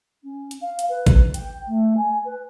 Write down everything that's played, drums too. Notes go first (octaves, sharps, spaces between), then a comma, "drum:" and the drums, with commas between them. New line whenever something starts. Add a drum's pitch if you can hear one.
C#4
drum: hi-hat
F5
drum: hi-hat
B4
drum: kick G#1, hi-hat
G5, drum: hi-hat
A3
G#5
B4